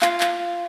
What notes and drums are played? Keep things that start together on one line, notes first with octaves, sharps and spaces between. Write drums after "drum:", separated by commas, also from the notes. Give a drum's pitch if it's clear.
F4, drum: clap
drum: clap